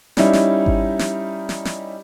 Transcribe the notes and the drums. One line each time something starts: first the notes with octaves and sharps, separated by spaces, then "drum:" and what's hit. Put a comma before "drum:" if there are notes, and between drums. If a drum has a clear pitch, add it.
G3 C#4 D#4 E4, drum: snare
drum: snare
drum: kick G#1
drum: snare
drum: snare
drum: snare